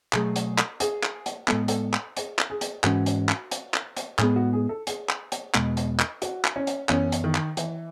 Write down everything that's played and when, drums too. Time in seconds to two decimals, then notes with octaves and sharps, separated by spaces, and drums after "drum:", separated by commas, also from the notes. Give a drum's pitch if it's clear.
0.13 B2 F#3 A3 G#4, drum: clap
0.36 drum: hi-hat
0.58 drum: clap
0.80 G#4, drum: hi-hat
1.03 drum: clap
1.26 drum: hi-hat
1.48 A2 G#3 B3 A4, drum: clap
1.68 A4, drum: hi-hat
1.94 drum: clap
2.17 G#4, drum: hi-hat
2.39 drum: clap
2.50 G#4
2.61 drum: hi-hat
2.84 G#2 E3 G#3 C#4 F#4, drum: clap
3.06 drum: hi-hat
3.29 drum: clap
3.51 drum: hi-hat
3.74 drum: clap
3.97 drum: hi-hat
4.19 A2 G#3 B3 G#4, drum: clap
4.36 F#4
4.53 G#4
4.69 A4
4.87 G#4, drum: hi-hat
5.09 drum: clap
5.32 drum: hi-hat
5.54 E2 B2 G#3 B3, drum: clap
5.77 drum: hi-hat
6.00 drum: clap
6.22 F#4, drum: hi-hat
6.45 drum: clap
6.56 C#4
6.67 drum: hi-hat
6.89 F#2 E3 B3 C#4, drum: clap
7.12 drum: hi-hat
7.24 D#3
7.35 drum: clap
7.57 E3, drum: hi-hat